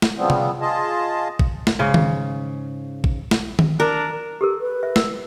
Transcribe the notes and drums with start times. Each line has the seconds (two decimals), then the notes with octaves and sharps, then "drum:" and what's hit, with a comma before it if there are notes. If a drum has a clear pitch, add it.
0.02 drum: snare
0.17 C#3 F3 G3 B3 C4
0.30 drum: tom C3
0.61 F4 G#4 D#5 A5
1.39 drum: kick A1
1.67 drum: snare
1.79 G#2 C#3
1.94 drum: tom D#3
3.04 drum: kick A1
3.31 drum: snare
3.59 drum: tom D#3
3.80 D4 A#4
4.41 G4 A4 A#4
4.61 B4
4.83 E5
4.96 A#4, drum: snare